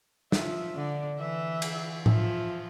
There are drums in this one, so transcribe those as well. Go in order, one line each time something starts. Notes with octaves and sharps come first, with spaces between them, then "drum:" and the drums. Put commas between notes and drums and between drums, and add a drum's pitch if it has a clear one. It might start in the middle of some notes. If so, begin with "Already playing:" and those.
F3 E5, drum: snare
D3 D5
E3 E5
drum: cymbal
F3 E5, drum: tom A2